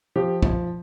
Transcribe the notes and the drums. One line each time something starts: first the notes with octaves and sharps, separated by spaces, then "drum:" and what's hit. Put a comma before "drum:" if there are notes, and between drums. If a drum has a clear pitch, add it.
F3 G4
F3, drum: kick